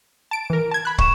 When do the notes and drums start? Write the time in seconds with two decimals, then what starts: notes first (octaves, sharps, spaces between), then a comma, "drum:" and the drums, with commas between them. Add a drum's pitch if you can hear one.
0.31 A5 D7
0.50 E3 A#4
0.71 A5 G#6
0.85 B5 F#6
0.98 C#6 E7, drum: kick